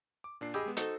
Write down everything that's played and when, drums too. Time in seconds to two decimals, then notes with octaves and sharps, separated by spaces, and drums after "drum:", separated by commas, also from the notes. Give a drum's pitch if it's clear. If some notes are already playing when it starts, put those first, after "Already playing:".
0.24 D6
0.41 A#2 D4 C7
0.54 G4 G#4 D#5 B5 E6
0.66 G#3 B3
0.77 D#4 F#4 A4 C5, drum: hi-hat